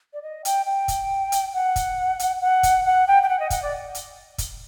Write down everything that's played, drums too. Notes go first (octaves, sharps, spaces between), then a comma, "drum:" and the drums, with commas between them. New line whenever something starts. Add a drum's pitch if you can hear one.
D5
D#5
G5, drum: hi-hat
G5
drum: kick, hi-hat
drum: hi-hat
F#5
drum: kick, hi-hat
drum: hi-hat
F#5
drum: kick, hi-hat
F#5
G5
G5
F#5
D#5
F#5, drum: kick, hi-hat
D5
drum: hi-hat
drum: kick, hi-hat